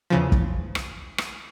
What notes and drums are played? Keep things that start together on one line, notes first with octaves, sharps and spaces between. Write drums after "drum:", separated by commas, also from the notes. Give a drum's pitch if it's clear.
E2 C#3 F3
drum: kick
drum: rim click
drum: rim click